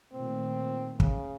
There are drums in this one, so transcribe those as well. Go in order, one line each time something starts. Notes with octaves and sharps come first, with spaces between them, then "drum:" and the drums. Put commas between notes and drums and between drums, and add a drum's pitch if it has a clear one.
A#2 D#3 A3 C4
C#3, drum: kick